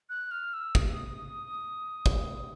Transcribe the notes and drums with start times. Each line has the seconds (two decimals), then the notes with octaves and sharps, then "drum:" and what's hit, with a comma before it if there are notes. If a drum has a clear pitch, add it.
0.10 F#6
0.31 F6
0.53 E6
0.75 D#6, drum: kick
2.06 drum: kick